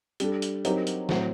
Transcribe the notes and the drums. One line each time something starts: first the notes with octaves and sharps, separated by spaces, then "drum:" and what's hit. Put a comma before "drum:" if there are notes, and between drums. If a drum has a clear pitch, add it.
G3 D4 A4, drum: hi-hat
drum: hi-hat
F#3 C4 D#4 G4 A#4, drum: hi-hat
drum: hi-hat
A2 F#3 C4 F#4, drum: snare